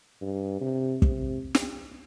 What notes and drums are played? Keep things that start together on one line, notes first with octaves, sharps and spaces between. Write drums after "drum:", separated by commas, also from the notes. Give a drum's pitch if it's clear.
G2
C3
C3, drum: kick
drum: snare